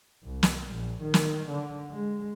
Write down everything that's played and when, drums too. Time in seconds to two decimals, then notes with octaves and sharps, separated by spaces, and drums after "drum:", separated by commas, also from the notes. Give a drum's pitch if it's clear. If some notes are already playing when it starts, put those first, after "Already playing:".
0.24 C2
0.43 drum: snare
0.70 A#1
1.01 D#3
1.14 drum: snare
1.49 D3
1.91 G#3